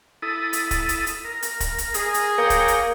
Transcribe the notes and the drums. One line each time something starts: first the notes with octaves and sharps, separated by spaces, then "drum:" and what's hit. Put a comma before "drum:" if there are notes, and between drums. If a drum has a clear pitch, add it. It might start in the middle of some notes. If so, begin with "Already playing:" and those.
E4 A4 D#6
drum: hi-hat
drum: kick, hi-hat
drum: hi-hat
drum: hi-hat
A#4
drum: hi-hat
drum: kick, hi-hat
drum: hi-hat
G#4, drum: hi-hat
drum: hi-hat
A#3 C#5 G5 A#5
drum: kick, hi-hat
drum: hi-hat